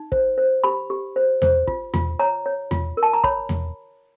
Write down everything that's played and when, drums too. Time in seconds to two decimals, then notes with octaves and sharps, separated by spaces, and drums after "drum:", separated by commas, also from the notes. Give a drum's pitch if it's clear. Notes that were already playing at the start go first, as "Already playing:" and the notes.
Already playing: D#4
0.12 C5, drum: kick
0.38 C5
0.64 G4 B5
0.90 G4
1.16 C5
1.42 C5, drum: tom E2
1.67 F4, drum: kick
1.94 F4, drum: tom E2
2.19 C#5 A#5
2.46 C#5
2.71 F4, drum: tom E2
2.97 A#4
3.03 A5
3.13 A#5
3.24 C#5 B5, drum: kick
3.49 drum: tom E2